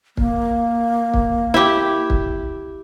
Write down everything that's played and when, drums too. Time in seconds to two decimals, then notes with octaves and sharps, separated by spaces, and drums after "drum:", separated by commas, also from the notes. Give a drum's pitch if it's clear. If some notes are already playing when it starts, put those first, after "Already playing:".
0.17 A#3, drum: kick
1.14 drum: kick
1.54 E4 G4
2.10 drum: kick